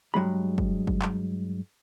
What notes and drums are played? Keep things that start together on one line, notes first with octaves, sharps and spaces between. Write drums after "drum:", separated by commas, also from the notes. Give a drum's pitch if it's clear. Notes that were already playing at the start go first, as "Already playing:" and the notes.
G2 F#3 G#3 B5
drum: kick
drum: kick
drum: clap